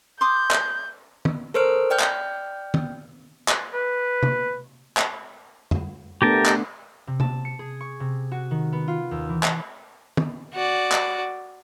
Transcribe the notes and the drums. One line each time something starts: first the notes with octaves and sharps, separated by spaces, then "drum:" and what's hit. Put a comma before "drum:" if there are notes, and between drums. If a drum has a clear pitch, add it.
C6 D6 D#6 G6
drum: clap
drum: tom
A4 A#4 C5 C#5 F6 D7
D5 G5 F6 G6
drum: clap
drum: tom
drum: clap
B4
drum: tom
drum: clap
drum: tom F2
A3 B3 D4 G4 A#4 A5
drum: clap
C3
A5, drum: tom
C#7
G#4
C#6
C3
F#4
D#3
B3
F4
D#2
E3
drum: clap
drum: tom
F#4 D5
drum: clap